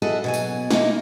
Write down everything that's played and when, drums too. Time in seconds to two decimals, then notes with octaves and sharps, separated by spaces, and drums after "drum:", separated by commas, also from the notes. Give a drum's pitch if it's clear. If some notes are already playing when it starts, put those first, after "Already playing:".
0.02 E4 F#4 G#4 A4 D#5
0.24 B2 F#3 G#5
0.34 drum: tambourine
0.71 A3 A#3 D#4 E4, drum: snare